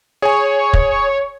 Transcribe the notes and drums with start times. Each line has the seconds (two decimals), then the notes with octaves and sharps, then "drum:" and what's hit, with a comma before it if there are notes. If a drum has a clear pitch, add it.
0.22 G#4 C#5 G#5
0.73 drum: kick